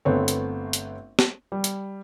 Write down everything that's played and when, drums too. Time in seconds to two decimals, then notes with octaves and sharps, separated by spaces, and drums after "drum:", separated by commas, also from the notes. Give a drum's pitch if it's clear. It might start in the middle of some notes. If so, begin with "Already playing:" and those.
0.05 G1 A3 B3 C4 C#5
0.28 drum: hi-hat
0.73 drum: hi-hat
1.19 drum: snare
1.52 G3
1.64 drum: hi-hat